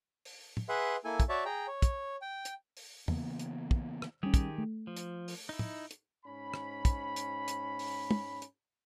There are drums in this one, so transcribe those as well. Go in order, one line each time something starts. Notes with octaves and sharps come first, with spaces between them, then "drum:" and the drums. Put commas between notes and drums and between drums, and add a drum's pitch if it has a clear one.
drum: open hi-hat
drum: tom
G#4 B4 E5 F#5 C6
A#3 E4 A4 G#5
drum: kick, hi-hat
F#4 C#5 D5 E5 A5
G#4 G5 A#5
C#5
drum: kick, hi-hat
G5
drum: hi-hat
drum: open hi-hat
C#3 E3 A#3 B3, drum: tom
drum: hi-hat
drum: kick
drum: rim click
D#3 G3 C#4 G4 G#4
drum: kick, hi-hat
A3
F3
drum: hi-hat
drum: open hi-hat
D#4 E4
drum: tom
drum: hi-hat
G#2 C#4 B5
drum: rim click
drum: kick, hi-hat
drum: hi-hat
drum: hi-hat
drum: open hi-hat
drum: tom
drum: hi-hat